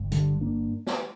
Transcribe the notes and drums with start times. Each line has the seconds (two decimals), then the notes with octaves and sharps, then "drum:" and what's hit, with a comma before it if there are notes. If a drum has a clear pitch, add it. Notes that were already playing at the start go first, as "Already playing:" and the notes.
Already playing: G1 G2
0.12 D3 G3, drum: hi-hat
0.41 A#3 D4
0.87 drum: snare